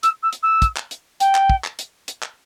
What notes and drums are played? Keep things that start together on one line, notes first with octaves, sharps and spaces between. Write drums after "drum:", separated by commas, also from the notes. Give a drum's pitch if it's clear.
E6, drum: hi-hat
E6
drum: hi-hat
E6
drum: kick, hi-hat
drum: clap
drum: hi-hat
G5, drum: hi-hat
drum: clap
drum: kick
drum: clap
drum: hi-hat
drum: hi-hat
drum: clap